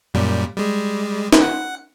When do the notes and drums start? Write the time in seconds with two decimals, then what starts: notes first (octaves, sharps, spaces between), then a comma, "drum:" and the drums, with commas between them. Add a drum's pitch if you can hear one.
0.14 F#2 A#2 G3
0.57 G3 G#3
1.33 drum: snare
1.42 F#5